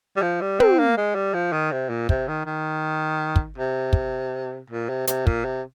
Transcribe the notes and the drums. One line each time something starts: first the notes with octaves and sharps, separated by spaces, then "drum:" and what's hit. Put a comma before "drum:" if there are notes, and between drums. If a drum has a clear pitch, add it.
G3
F3
G3
C4, drum: tom
A#3
G#3
G3
F3
D#3
C3
A#2
C3, drum: kick
D#3
D#3
drum: kick
C3
drum: kick
A#2
C3
C3, drum: hi-hat
A#2, drum: kick
C3